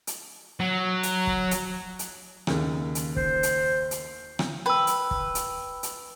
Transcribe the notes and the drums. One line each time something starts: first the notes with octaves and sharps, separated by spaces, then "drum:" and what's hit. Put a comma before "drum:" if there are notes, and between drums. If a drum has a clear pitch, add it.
drum: hi-hat
F#3
drum: hi-hat
drum: kick
drum: hi-hat
drum: hi-hat
D#2 C#3, drum: rim click
drum: hi-hat
C5, drum: kick
drum: hi-hat
drum: hi-hat
drum: rim click
B4 G5 E6
drum: hi-hat
drum: kick
drum: hi-hat
drum: hi-hat